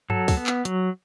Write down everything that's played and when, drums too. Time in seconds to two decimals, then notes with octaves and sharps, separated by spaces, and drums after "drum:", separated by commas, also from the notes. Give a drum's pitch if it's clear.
0.10 F#3 A4, drum: tom G2
0.28 drum: kick, open hi-hat
0.37 B3
0.46 drum: clap
0.65 F#3, drum: hi-hat